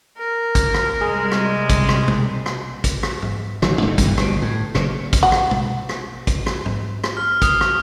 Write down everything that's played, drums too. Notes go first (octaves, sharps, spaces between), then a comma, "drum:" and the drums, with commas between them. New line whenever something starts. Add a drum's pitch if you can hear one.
A#4
drum: kick, hi-hat
drum: rim click
C3 G3 G#3 G#4
drum: rim click
drum: kick, hi-hat
drum: rim click
drum: tom
drum: rim click
drum: kick, hi-hat
drum: rim click
drum: tom G#2
A1 D#3 F#3, drum: rim click
D#1 G#2 D3 A3
G2 B2 E3, drum: kick, hi-hat
G1 B2, drum: rim click
A2
F#1 A#2, drum: rim click
drum: kick, hi-hat
F#4
drum: rim click
drum: tom
drum: rim click
drum: kick, hi-hat
drum: rim click
drum: tom G#2
drum: rim click
F6
D#6, drum: kick, hi-hat
drum: rim click